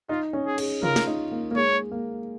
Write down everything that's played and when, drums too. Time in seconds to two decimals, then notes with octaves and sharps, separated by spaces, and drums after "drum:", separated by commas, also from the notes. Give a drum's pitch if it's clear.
0.09 D#4 F4
0.33 C#4
0.47 G#4
0.58 G#4, drum: cymbal
0.83 F4 A#4, drum: tom C3
0.96 drum: snare
1.07 D#4
1.32 A#3
1.51 A#3
1.56 G#3 C#5
1.92 A#3